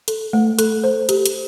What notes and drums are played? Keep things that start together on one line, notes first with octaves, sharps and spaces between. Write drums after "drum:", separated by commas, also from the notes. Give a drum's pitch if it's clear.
A4, drum: hi-hat
A3
A4, drum: hi-hat
C5
G4, drum: hi-hat
drum: hi-hat